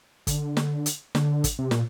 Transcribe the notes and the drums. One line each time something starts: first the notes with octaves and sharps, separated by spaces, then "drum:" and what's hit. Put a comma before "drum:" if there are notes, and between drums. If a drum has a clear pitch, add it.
D3, drum: kick, hi-hat
drum: snare
drum: hi-hat
D3, drum: snare
drum: kick, hi-hat
C3
A#2, drum: snare